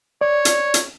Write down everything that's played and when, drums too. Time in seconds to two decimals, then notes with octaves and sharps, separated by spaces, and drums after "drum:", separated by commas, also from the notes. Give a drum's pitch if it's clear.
0.21 C#5 D5
0.45 drum: hi-hat
0.74 drum: hi-hat